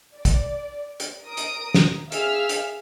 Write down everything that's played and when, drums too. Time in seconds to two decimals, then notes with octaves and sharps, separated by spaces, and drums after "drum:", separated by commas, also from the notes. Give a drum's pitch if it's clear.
0.15 D5
0.25 drum: kick, hi-hat
1.00 drum: hi-hat
1.25 A#4 D#6 D7
1.37 drum: hi-hat
1.74 drum: snare
2.12 G#4 E5 F5 E6 F6, drum: hi-hat
2.49 drum: hi-hat